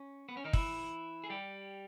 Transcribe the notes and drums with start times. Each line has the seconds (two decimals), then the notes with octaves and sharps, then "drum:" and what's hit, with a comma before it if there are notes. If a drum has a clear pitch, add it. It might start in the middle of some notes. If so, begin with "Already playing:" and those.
Already playing: C#4
0.29 B3
0.37 C#4
0.44 D#3 D#4
0.53 E3 E4, drum: kick
1.24 G#4
1.30 G3 G4